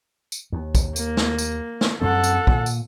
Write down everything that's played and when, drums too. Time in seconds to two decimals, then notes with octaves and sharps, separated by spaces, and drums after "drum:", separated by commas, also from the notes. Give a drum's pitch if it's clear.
0.32 drum: tambourine
0.52 D#2
0.75 drum: kick, tambourine
0.96 A#3, drum: tambourine
1.17 drum: snare
1.38 drum: tambourine
1.81 drum: snare
2.02 F#2 F#3 C4 A4 F#5
2.24 drum: tambourine
2.47 A#2, drum: kick
2.66 drum: tambourine